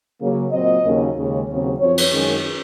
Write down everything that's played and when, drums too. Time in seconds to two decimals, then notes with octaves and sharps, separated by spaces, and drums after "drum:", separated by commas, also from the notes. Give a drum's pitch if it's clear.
0.20 C#3 F#3 A#3
0.52 A#2 F#3 C4 D#5
0.83 D#2 C#3 F#3 A#3 C#4
1.16 D#2 C#3 G#3 C#4
1.47 D#2 C#3 F#3 C4
1.78 F#2 F3 C4 C#5
1.98 drum: cymbal
2.10 F#2 D#3 G#3 C#4